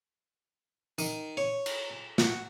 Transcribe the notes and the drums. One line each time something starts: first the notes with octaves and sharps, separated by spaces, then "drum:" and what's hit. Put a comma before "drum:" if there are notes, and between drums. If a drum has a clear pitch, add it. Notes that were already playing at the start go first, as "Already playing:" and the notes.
D#3, drum: tambourine
C#5
drum: cymbal
F#4, drum: snare